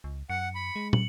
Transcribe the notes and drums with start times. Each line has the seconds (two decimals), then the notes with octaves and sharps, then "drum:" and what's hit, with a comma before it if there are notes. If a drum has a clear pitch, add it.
0.04 C#2
0.30 F#2 F#5 C#7
0.55 B5
0.76 G#3
0.93 F#7, drum: tom